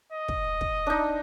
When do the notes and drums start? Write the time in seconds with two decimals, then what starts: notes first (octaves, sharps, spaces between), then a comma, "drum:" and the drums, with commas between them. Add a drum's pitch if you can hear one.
0.12 D#5
0.28 drum: kick
0.61 drum: kick
0.86 D4 D#4